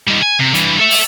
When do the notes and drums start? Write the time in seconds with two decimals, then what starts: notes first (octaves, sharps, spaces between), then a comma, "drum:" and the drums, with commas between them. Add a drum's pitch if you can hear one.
0.08 D#3 G3
0.22 G#5
0.40 C3
0.54 G2 E3, drum: hi-hat
0.79 A4 E5
0.91 drum: open hi-hat